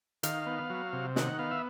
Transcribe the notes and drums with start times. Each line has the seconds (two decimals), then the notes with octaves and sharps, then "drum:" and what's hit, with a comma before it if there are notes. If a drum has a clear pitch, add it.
0.23 D#3 F5, drum: hi-hat
0.46 B3
0.70 F#3
0.93 C3
1.16 D#3 F#5, drum: snare
1.39 B3 F5
1.51 E5